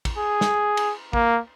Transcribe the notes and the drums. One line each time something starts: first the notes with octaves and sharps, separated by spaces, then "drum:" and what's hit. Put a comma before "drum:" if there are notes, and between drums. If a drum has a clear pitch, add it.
drum: kick, cymbal
G#4
drum: snare
drum: cymbal
A#3, drum: kick